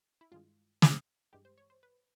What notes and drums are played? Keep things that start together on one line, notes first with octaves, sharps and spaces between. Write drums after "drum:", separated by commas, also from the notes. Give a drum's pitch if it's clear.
E4
G2 D#3 G#3 F4
drum: snare
G2 E3 G#3 G4
C5
C#5
C5
B4